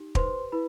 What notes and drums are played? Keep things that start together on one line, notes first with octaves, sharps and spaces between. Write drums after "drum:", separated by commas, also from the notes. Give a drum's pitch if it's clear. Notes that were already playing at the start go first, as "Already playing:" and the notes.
Already playing: D#4 G4
B4 C5 C6, drum: kick
E4 B4 B5